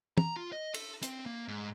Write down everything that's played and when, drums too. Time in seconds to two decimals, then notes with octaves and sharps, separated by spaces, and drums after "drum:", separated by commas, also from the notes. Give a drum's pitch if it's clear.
0.18 A#5, drum: tom
0.36 F4
0.52 D#5
0.74 A4, drum: cymbal
1.03 C4, drum: hi-hat
1.26 A#3
1.48 G#2